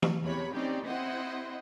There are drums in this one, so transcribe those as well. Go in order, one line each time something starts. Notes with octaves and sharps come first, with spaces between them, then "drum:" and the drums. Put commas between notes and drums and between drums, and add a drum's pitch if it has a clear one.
drum: tom E3
E2 C3 C#5 B5
C4 C#4 D#4 G4 D5
C4 E4 G4 C5 D#5 F#5